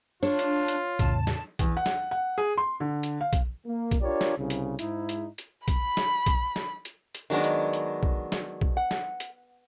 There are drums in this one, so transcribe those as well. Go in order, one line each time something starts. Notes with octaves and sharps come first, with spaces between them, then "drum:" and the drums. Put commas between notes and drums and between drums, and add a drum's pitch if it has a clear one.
D4 F4 C#5
drum: hi-hat
drum: hi-hat
E2 A2 C#3 A5, drum: kick A#1, hi-hat
drum: snare
E2, drum: kick A#1, hi-hat
F#5
drum: snare
F#5
G#4
C6
D3
drum: hi-hat
F5
drum: kick A#1, hi-hat
A#3
drum: kick A#1, hi-hat
D4 F4 G4 A#4 C#5 D5
drum: snare
C2 C#3
drum: hi-hat
G#2 D#4 E4, drum: hi-hat
drum: hi-hat
drum: hi-hat
B5, drum: kick A#1, hi-hat
drum: snare
drum: kick A#1, hi-hat
drum: snare
drum: hi-hat
drum: hi-hat
D#3 F#3 G#3 B3 D4
drum: hi-hat
drum: hi-hat
drum: kick A#1
drum: snare
drum: kick A#1
F#5
drum: snare
drum: hi-hat